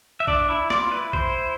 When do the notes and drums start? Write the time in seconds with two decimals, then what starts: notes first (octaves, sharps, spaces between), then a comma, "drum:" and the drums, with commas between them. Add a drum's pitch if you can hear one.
0.20 E5
0.27 D4 D5, drum: kick
0.49 E4 E5
0.70 F4 D5, drum: snare
0.82 F4
0.92 E4 B4
1.13 C5, drum: kick